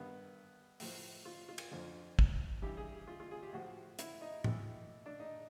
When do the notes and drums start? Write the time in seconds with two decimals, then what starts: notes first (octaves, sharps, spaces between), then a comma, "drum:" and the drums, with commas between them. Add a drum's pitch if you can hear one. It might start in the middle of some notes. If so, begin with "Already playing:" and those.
Already playing: G2 D#3 B3
0.80 A2 F3, drum: open hi-hat
1.25 F4
1.49 F4
1.58 drum: cymbal
1.71 F2 D3 F3
2.19 drum: kick
2.62 G2 E3 G4
2.77 G#4
3.07 F4
3.20 F4
3.31 G#4
3.43 G4
3.53 A2 F3 F#4
3.99 E4, drum: hi-hat
4.21 D#4
4.44 A2 E3, drum: tom A2
5.06 D4
5.20 D#4